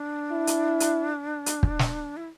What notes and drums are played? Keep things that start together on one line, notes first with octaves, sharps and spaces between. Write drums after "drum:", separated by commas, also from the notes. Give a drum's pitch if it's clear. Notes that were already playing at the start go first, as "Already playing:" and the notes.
Already playing: D4
E4
drum: hi-hat
drum: hi-hat
drum: hi-hat
drum: kick
drum: snare
E4